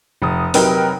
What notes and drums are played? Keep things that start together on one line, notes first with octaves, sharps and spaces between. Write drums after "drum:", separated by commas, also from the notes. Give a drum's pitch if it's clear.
F1 D#6
C3 F#3 D#4 A#4 B4 G5, drum: open hi-hat